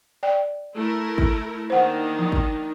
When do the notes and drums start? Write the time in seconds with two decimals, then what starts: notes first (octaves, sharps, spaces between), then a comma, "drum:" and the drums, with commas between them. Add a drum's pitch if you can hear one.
0.23 D5 G5
0.74 A3 E4 A#4
1.18 drum: kick
1.70 D#3 A#3 D4 C5 F#5
2.19 F3
2.32 drum: kick